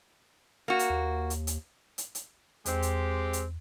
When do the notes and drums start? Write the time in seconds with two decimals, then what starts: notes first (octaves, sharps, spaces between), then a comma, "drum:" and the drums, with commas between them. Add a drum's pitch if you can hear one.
0.68 A#3 F#4
0.79 drum: hi-hat
0.90 D#2
1.30 drum: hi-hat
1.47 drum: hi-hat
1.98 drum: hi-hat
2.15 drum: hi-hat
2.66 E2 G#3 C4 G4, drum: hi-hat
2.82 drum: hi-hat
3.33 drum: hi-hat